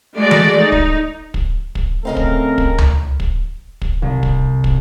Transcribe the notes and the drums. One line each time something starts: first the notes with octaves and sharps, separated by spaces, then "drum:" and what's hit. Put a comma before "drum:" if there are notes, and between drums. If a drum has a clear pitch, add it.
G#3 A3 F#4 D5
drum: tom E3
D#4
drum: kick
drum: kick
drum: kick
C#3 A3 C4 A#4 D#5 F5
drum: kick
drum: kick
drum: tom C#2
drum: kick
drum: kick
C2
drum: kick
drum: kick